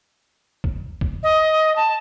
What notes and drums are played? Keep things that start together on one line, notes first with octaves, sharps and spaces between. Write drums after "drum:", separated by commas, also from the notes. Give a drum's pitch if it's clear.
drum: kick
drum: kick
D#5
A5